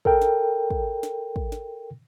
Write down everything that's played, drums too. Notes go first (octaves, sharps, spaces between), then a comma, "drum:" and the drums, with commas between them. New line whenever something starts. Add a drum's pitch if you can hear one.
A4 A#4 G5, drum: kick
drum: snare
drum: kick
drum: snare
drum: kick
drum: snare